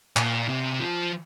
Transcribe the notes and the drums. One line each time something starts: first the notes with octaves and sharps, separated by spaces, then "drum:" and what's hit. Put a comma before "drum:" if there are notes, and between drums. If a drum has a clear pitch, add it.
A#2, drum: clap
C3
F3